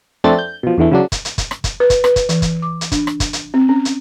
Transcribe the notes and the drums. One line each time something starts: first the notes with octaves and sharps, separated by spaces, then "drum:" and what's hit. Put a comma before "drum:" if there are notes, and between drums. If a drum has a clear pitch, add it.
F2 A3 C4 D4 A6
G6
B2 F3
E2 D3 E3 A3
C#3 F#3 D4
drum: kick, hi-hat
drum: hi-hat
drum: kick, hi-hat
drum: rim click
drum: kick, hi-hat
B4
drum: kick, hi-hat
B4, drum: rim click
drum: kick, hi-hat
E3, drum: hi-hat
drum: kick, hi-hat
D6
drum: hi-hat
D4, drum: kick, hi-hat
drum: rim click
drum: kick, hi-hat
drum: hi-hat
C4
C#4
drum: hi-hat